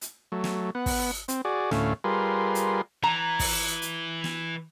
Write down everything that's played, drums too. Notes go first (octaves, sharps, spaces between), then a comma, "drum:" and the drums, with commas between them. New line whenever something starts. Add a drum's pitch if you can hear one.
drum: hi-hat
F#3 A3
drum: snare
B3 F#5
drum: kick, open hi-hat
C4, drum: hi-hat
F#4 G#4 D5
D2 A2 A3 C#4 F5, drum: snare
G3 F4 G#4 A#4 B4 C6
drum: hi-hat
E3 A#5
drum: kick, open hi-hat
drum: hi-hat
drum: snare